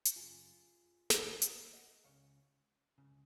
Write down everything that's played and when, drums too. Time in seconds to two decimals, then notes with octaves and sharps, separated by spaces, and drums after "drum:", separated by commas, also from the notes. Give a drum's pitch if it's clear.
0.05 drum: hi-hat
0.16 F#2 C#3 F4 G#4
1.10 F#2 C#3 C#5 F5, drum: snare
1.42 D#5 F#5, drum: hi-hat
1.73 D#5 F#5
2.04 C#2 C#3 C#5 F5
2.98 C#2 C#3